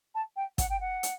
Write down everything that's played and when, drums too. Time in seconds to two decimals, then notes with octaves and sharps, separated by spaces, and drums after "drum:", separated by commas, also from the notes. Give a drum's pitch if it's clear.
0.14 A5
0.36 G5
0.58 F#5, drum: kick, hi-hat
0.69 G5
0.80 F#5
1.03 drum: hi-hat